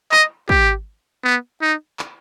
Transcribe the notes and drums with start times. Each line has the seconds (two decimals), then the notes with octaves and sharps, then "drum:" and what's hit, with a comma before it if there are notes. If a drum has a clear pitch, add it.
0.12 D#5, drum: clap
0.49 G4, drum: kick
1.24 B3
1.62 D#4
1.99 drum: clap